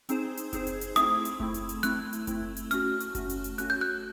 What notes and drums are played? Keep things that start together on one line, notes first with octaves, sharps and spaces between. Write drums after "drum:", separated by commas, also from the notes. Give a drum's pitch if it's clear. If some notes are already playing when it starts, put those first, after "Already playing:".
C4 D#4 G#4 C5, drum: hi-hat
drum: hi-hat
C4 D#4 G#4 C5, drum: kick F#1, hi-hat
drum: hi-hat
drum: hi-hat
A3 C4 E4 D#6, drum: hi-hat
drum: hi-hat
A3 C4 E4, drum: kick F#1
drum: hi-hat
drum: hi-hat
A3 C4 E4 F#6, drum: hi-hat
drum: hi-hat
A3 C4 E4, drum: kick F#1, hi-hat
drum: hi-hat
A3 C#4 F#4 F6, drum: hi-hat
drum: hi-hat
A3 C#4 F#4, drum: kick F#1, hi-hat
drum: hi-hat
drum: hi-hat
A3 C#4 F#4 F#6, drum: hi-hat
G6
F#6